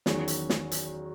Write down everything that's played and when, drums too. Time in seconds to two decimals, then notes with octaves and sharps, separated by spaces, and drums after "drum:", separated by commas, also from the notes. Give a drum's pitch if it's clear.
0.06 E2 D#3 F#3 C#4 F#4, drum: snare
0.28 drum: hi-hat
0.50 drum: snare
0.71 drum: hi-hat